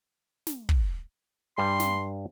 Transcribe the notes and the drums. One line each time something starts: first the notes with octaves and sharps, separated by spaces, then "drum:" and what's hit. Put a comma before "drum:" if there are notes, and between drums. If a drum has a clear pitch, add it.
drum: snare
drum: kick
G2 G3 G#5 C6
drum: snare